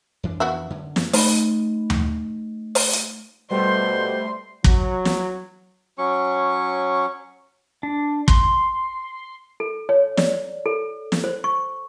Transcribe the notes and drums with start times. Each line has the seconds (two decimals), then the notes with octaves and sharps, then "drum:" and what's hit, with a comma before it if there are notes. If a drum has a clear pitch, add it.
0.23 F2 E3 D4
0.40 B3 F#4 E5
0.70 F#2 D3
0.96 drum: snare
1.13 A3 D#4 D#5 B5, drum: open hi-hat
1.90 drum: tom D#2
2.75 drum: open hi-hat
2.93 drum: hi-hat
3.51 B2 G3 A3 C5 C6
4.64 F#3, drum: kick
5.05 drum: snare
5.98 F#3 C#4 C#6
7.83 D4
8.28 C6, drum: kick
9.60 A4
9.89 C#5
10.17 D5, drum: snare
10.66 A4
11.12 drum: snare
11.24 C5
11.44 C#6